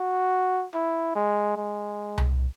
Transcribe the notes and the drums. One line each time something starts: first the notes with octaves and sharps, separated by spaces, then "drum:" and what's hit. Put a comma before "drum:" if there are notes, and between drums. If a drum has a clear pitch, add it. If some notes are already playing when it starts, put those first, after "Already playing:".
Already playing: F#4
E4
G#3
G#3
drum: tom C2